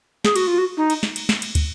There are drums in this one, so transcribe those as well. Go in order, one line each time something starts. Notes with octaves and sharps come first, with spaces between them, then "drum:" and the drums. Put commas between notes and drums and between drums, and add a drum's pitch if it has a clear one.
G#4, drum: snare
F#4, drum: cymbal
F4
F#4
D#4
drum: cymbal
drum: snare
drum: cymbal
drum: snare
drum: cymbal
drum: kick, cymbal